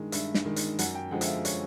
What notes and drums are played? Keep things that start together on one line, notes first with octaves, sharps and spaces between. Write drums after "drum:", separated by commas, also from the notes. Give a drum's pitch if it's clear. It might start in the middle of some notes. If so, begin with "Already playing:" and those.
Already playing: G2 D#3 G#3
G2 E5, drum: hi-hat
drum: snare
D#3 G#3
drum: hi-hat
F#2 F#5, drum: hi-hat
G5
D3 F3 G#3 F#5
E5, drum: hi-hat
F5
C#5, drum: hi-hat